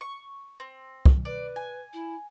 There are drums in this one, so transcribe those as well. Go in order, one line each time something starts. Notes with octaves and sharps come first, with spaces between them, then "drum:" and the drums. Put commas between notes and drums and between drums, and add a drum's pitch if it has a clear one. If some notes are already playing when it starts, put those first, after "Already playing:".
C#6
C4
drum: kick
B4 D5
G#5
E4